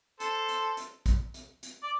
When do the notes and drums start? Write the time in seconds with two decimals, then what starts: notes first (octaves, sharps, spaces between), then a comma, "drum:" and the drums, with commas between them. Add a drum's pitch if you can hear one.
0.20 A4 C5, drum: hi-hat
0.49 drum: hi-hat
0.77 drum: hi-hat
1.06 drum: kick A#1, hi-hat
1.34 drum: hi-hat
1.63 drum: hi-hat
1.83 D5